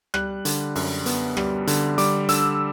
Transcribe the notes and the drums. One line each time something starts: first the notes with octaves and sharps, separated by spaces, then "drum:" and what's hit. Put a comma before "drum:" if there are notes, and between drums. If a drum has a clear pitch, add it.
G3 F#6, drum: rim click
D3, drum: hi-hat
F#2, drum: open hi-hat
B3, drum: hi-hat
G3, drum: rim click
D3, drum: hi-hat
G3 D6, drum: hi-hat
D3 E6, drum: hi-hat